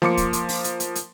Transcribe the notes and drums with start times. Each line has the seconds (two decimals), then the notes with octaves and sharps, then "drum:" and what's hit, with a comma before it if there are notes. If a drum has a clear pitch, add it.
0.02 F3 A#3 C6 D6 C#7, drum: snare A3
0.17 drum: kick, hi-hat
0.33 drum: hi-hat
0.49 drum: open hi-hat
0.64 drum: hi-hat
0.80 drum: hi-hat
0.95 drum: hi-hat